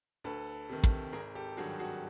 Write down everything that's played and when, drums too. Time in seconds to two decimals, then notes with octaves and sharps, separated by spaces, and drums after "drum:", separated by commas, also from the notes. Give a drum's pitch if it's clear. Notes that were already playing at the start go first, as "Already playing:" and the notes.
0.24 D2 A4 B4
0.69 C3 D#3
0.83 drum: kick
1.13 G#1 G#4 A#4
1.35 G4 A4
1.57 G2 D#3 F#3 F#4 G#4
1.79 F#4 G#4